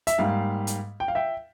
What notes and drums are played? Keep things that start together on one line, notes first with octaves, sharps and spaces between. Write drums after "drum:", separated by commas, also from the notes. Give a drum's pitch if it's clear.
E5, drum: hi-hat
G#2 G3 A#3 F5
drum: hi-hat
G5
F5
E5 G5